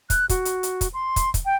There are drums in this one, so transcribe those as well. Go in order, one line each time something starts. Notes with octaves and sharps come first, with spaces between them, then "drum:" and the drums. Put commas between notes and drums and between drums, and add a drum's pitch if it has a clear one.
F#6, drum: kick, hi-hat
F#4, drum: kick, hi-hat
drum: hi-hat
drum: hi-hat
drum: kick, hi-hat
C6
drum: kick, hi-hat
drum: kick, hi-hat
G5